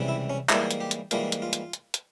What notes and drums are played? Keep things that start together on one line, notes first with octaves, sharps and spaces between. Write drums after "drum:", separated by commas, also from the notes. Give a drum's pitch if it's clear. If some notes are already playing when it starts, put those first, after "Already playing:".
Already playing: C#2 C3 E3 G3
E4
C#4
G#2 E3 G3 A#3 E4, drum: clap
drum: hi-hat
G4
drum: hi-hat
G#2 E3 G3 A#3 F4, drum: hi-hat
drum: hi-hat
F4
drum: hi-hat
drum: hi-hat
drum: hi-hat